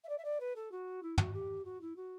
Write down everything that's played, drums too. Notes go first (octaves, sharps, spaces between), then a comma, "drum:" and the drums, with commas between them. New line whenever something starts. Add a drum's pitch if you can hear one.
E5
D5
E5
D5
B4
A4
F#4
E4
F#4, drum: tom
G4
F#4
E4
F#4